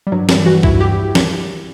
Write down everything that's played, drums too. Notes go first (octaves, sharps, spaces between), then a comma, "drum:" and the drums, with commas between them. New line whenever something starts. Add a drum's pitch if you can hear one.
G3
G2 F#3
E3 G3, drum: snare
E3 F#4
G2 E4, drum: kick C2
G4
drum: snare